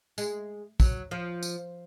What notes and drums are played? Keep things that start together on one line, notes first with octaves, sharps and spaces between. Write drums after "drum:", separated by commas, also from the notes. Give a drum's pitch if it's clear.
G#3, drum: tambourine
F#3, drum: kick, tambourine
F3
drum: tambourine